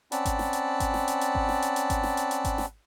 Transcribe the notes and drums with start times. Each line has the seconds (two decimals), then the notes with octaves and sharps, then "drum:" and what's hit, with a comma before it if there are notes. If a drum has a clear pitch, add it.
0.12 C4 C#4 D5 F#5 A5 B5, drum: hi-hat
0.25 drum: kick G#1, hi-hat
0.39 drum: snare
0.53 drum: hi-hat
0.80 drum: kick G#1, hi-hat
0.94 drum: snare
1.08 drum: hi-hat
1.21 drum: hi-hat
1.35 drum: kick G#1
1.49 drum: snare
1.62 drum: hi-hat
1.76 drum: hi-hat
1.90 drum: kick G#1, hi-hat
2.03 drum: snare
2.17 drum: hi-hat
2.31 drum: hi-hat
2.45 drum: kick G#1, hi-hat
2.58 drum: snare